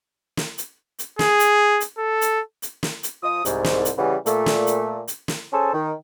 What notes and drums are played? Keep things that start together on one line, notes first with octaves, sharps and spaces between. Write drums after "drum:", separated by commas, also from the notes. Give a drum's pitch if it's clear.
drum: snare
drum: hi-hat
drum: hi-hat
G#4, drum: snare
drum: hi-hat
drum: hi-hat
A4
drum: hi-hat
drum: hi-hat
drum: snare
drum: hi-hat
F3 D#6
C2 G#2, drum: hi-hat
drum: snare
drum: hi-hat
C#3 E3 G3 B3
A#2 A3, drum: hi-hat
drum: snare
drum: hi-hat
drum: hi-hat
drum: snare
C#4 G#4 A4 C5 A5
D#3